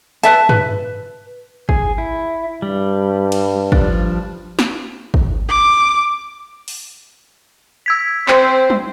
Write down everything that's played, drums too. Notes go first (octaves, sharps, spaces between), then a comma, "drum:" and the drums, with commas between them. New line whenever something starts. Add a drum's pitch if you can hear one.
B4 E5 A5, drum: hi-hat
B4, drum: tom G2
G#4, drum: kick
E4
G2 G3
drum: cymbal
F3 G3 D4, drum: kick
drum: snare
drum: kick
D6
drum: open hi-hat
E6 G#6 B6
C4 C5, drum: clap
drum: tom